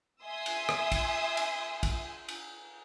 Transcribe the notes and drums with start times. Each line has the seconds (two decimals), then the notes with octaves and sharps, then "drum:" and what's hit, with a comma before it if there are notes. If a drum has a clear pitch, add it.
0.23 E5 G#5 C6 D#6 E6
0.46 drum: cymbal
0.69 drum: rim click
0.92 drum: kick, cymbal
1.37 drum: cymbal
1.83 drum: kick, cymbal
2.28 drum: cymbal